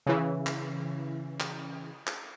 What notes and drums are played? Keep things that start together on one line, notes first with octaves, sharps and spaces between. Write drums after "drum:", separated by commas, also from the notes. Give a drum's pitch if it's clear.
C#3 E3
drum: clap
drum: clap
drum: clap